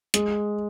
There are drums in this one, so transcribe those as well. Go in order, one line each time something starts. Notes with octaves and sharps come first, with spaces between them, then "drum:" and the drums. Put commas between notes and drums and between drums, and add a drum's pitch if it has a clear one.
G#3, drum: hi-hat